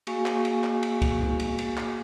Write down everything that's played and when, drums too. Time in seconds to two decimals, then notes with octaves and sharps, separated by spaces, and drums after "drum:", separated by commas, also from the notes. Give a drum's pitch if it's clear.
0.07 A#3 F#4 G#4 F5 G#5 C#6, drum: cymbal
0.26 drum: clap
0.45 drum: cymbal
0.64 drum: clap
0.83 drum: cymbal
1.02 drum: kick C2, cymbal
1.21 drum: tom A2
1.40 drum: cymbal
1.58 drum: cymbal
1.77 drum: clap